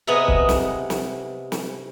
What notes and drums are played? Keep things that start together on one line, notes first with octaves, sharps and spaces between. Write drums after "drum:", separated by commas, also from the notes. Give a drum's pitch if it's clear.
C3 B3 G#4 D#5 E5 A#5
drum: kick
drum: snare
drum: snare
drum: snare